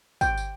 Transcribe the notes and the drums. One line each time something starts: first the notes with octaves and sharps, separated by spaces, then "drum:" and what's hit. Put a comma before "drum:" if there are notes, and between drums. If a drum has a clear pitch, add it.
G5, drum: kick, tambourine
drum: tambourine